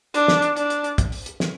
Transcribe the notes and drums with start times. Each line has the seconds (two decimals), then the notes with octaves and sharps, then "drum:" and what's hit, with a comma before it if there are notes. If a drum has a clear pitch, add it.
0.14 D4, drum: hi-hat
0.28 drum: snare
0.42 drum: hi-hat
0.57 D4, drum: hi-hat
0.70 drum: hi-hat
0.84 drum: hi-hat
0.98 drum: kick, hi-hat
1.12 drum: open hi-hat
1.26 drum: hi-hat
1.40 drum: snare